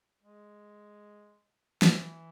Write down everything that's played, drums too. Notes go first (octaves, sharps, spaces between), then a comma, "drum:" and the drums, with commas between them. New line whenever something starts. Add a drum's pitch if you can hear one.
G#3
E3, drum: snare